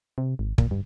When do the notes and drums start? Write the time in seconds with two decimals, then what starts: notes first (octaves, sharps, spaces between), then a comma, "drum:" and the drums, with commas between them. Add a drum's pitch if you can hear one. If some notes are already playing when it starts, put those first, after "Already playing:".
0.18 C3
0.39 G#1
0.58 A#2, drum: kick
0.71 G2